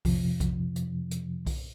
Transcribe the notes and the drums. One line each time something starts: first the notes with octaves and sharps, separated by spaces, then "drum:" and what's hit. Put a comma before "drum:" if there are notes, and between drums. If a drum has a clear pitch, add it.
F2 C3 F3, drum: kick B1, open hi-hat
drum: kick B1, hi-hat
drum: hi-hat
drum: hi-hat
drum: kick B1, open hi-hat